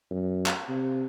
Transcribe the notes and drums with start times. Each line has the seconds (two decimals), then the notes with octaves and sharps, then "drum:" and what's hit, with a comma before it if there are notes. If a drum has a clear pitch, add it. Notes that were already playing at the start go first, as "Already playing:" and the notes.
0.10 F#2
0.46 drum: clap
0.68 C3